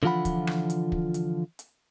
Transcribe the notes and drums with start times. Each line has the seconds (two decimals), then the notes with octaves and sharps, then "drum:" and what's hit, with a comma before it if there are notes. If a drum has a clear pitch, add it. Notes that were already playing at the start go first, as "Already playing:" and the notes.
0.03 D3 E3 F3 F4 F#5 B5
0.25 drum: kick, hi-hat
0.47 drum: rim click
0.70 drum: hi-hat
0.92 drum: kick
1.14 drum: hi-hat
1.59 drum: hi-hat